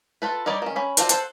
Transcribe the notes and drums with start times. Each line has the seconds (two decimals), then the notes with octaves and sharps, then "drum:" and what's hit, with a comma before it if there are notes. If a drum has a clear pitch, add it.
0.22 F4 A4 B4
0.46 G3 D#4 C#5 D5
0.62 D#3 C#4
0.76 C#4 B5
0.97 D4 F4 F#4 A4 C5, drum: hi-hat
1.09 A4 C5 F#5, drum: hi-hat